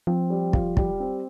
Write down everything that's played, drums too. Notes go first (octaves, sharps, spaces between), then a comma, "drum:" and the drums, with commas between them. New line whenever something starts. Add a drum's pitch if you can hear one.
F3 C4
G3
F4, drum: kick
G3, drum: kick
C4